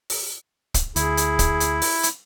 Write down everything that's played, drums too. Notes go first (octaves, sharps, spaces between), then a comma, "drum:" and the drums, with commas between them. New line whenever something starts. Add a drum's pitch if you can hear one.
drum: open hi-hat
drum: kick, hi-hat
D2 E4 G#4, drum: hi-hat
drum: hi-hat
drum: kick, hi-hat
drum: hi-hat
drum: open hi-hat
drum: hi-hat